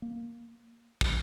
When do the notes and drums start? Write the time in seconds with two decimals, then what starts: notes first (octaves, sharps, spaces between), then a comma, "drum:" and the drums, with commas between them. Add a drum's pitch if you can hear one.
0.02 A#3
1.01 drum: kick